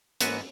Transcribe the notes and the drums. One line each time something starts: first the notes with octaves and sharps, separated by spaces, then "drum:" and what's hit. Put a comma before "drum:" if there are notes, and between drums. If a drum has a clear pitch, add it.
G#2 E3 A#3 B3 C#4 F#4 B4, drum: hi-hat